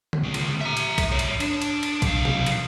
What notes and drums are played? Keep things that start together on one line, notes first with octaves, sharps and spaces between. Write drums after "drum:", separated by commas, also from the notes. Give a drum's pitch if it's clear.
drum: tom D3
C#3 G#3
drum: cymbal
E5 A#5
drum: cymbal
drum: kick, cymbal
G#2 C#5
drum: cymbal
D4, drum: cymbal
drum: cymbal
drum: cymbal
B1 F5, drum: kick, cymbal
drum: tom C3
drum: cymbal